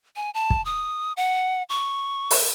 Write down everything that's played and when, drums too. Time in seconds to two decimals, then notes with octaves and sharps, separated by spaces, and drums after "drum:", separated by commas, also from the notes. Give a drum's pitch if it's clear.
0.16 G#5
0.34 A5
0.50 drum: kick
0.65 D#6
1.17 F#5
1.69 C#6
2.31 drum: open hi-hat